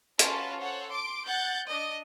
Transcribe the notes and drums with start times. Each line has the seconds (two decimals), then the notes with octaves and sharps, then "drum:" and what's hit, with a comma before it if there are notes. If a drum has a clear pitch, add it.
0.19 C#4 F4 F#4 A4 B4 A5, drum: hi-hat
0.59 A4 C5 C#5 F#5
0.91 C6 D6 D7
1.25 F#5 F#6 G6 A6
1.67 D4 D#5